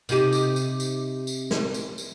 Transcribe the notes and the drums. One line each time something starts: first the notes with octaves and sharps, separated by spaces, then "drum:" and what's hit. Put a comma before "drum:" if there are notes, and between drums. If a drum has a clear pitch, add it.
C3 D#4 G4, drum: tambourine
drum: tambourine
drum: tambourine
drum: tambourine
drum: tambourine
drum: snare
drum: tambourine
drum: tambourine